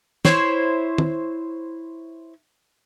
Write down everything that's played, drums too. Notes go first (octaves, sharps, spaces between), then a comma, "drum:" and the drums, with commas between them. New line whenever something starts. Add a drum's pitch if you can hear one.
E4 C5 C#5, drum: snare
drum: tom